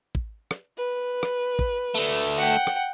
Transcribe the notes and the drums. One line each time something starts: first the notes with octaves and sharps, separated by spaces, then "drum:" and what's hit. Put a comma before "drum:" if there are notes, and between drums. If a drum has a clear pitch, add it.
drum: kick
drum: rim click
B4
drum: rim click
drum: kick
D3 A3
F#5 G5
drum: rim click